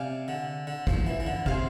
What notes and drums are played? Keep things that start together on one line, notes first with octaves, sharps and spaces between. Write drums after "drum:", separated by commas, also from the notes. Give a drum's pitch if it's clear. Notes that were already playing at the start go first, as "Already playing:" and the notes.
Already playing: C3 D5 F5 G#5
D3
D3
F3, drum: kick
E3
E3
D3
C3 G#4 C5 F5, drum: kick